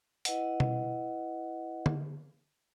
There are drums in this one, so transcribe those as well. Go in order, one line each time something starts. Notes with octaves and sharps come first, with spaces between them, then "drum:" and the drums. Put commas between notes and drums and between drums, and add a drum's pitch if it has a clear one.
E4 B4 D#5 F#5, drum: hi-hat
drum: tom B2
drum: tom D3